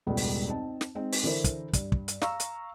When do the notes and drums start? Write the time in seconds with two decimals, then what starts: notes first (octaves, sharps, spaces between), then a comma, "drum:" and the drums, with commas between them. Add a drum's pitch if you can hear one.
0.07 E1 C#2 G2 G3 A3 B3
0.17 drum: open hi-hat
0.49 C4 D#4 A5
0.81 drum: snare
0.95 G#3 C4 D#4
1.13 drum: open hi-hat
1.23 D3 E3 E4 A#4 C5
1.44 drum: kick, hi-hat
1.73 G2, drum: kick, hi-hat
1.92 drum: kick
2.08 drum: hi-hat
2.21 F5 A#5 C#6 E6, drum: snare
2.40 drum: hi-hat